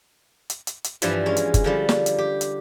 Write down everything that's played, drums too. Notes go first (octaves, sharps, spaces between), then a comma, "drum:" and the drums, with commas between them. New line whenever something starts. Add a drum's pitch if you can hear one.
drum: hi-hat
drum: hi-hat
drum: hi-hat
G2 E3 F3 G3 C5, drum: hi-hat
G#3 C#4
drum: hi-hat
drum: kick F#1, hi-hat
D3 F3 G3
drum: snare
drum: hi-hat
G4
drum: hi-hat